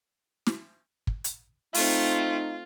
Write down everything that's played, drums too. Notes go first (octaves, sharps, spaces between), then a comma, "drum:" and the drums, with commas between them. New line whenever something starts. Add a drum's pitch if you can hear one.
drum: snare
drum: kick
drum: hi-hat
A3 C4 D#4 F4, drum: open hi-hat